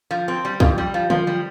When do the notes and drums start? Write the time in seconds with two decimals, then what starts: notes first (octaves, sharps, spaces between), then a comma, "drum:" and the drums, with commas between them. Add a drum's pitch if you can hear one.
0.11 F3
0.28 C4
0.45 G3
0.60 F2, drum: kick
0.78 G3
0.94 F3
1.10 F3, drum: tom D3
1.27 G3